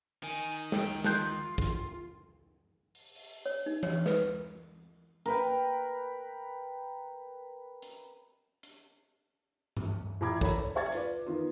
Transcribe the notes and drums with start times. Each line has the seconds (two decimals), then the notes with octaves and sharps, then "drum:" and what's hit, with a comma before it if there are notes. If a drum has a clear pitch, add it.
0.23 D#3 G#5
0.72 G5, drum: snare
1.04 F4 A5 F#6 G6, drum: snare
1.58 drum: kick
2.95 drum: open hi-hat
3.15 drum: open hi-hat
3.46 C#5
3.66 D#4
3.83 C#5, drum: tom E3
4.06 B4, drum: snare
5.26 A#4 B4 G5, drum: hi-hat
7.82 drum: hi-hat
8.63 drum: hi-hat
9.77 drum: tom G2
10.21 A1 A#5 B5 D6 G#6
10.41 A4 A#4 C#5 A#5 B5, drum: kick
10.58 C#5
10.75 C5 D5 F5 C#6 G#6 A6
10.92 F4 B4 D5, drum: hi-hat
11.26 D#3 B3 F4